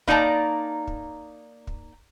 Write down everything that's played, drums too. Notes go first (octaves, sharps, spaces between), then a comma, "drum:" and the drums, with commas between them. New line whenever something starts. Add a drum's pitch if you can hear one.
A#3 D#4 D5 A5 A#5, drum: kick
drum: kick
drum: kick